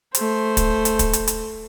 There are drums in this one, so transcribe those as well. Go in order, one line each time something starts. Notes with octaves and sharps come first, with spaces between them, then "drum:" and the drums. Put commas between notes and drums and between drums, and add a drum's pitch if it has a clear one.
A3 C5, drum: hi-hat
drum: kick, hi-hat
drum: hi-hat
drum: kick, hi-hat
drum: hi-hat
drum: hi-hat